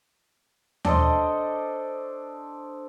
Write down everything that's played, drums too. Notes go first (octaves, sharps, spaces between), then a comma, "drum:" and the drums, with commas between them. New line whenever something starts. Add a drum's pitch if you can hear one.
D4 A4 C5 D#5, drum: tom D#2